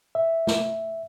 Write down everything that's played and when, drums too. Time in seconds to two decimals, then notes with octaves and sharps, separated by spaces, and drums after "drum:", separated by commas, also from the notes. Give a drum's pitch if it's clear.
0.15 E5
0.47 drum: snare